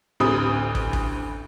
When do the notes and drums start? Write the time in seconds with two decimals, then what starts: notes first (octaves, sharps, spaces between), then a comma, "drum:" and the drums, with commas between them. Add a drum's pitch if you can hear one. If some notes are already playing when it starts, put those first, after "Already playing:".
0.20 A1 D2 C4 G4 B5 D#6
0.75 drum: kick
0.93 drum: kick